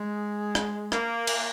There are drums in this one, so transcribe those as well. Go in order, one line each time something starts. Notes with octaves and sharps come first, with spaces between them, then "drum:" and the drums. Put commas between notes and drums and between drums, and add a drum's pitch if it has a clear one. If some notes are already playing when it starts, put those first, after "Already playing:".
Already playing: G#3
drum: rim click
A#3, drum: rim click
drum: cymbal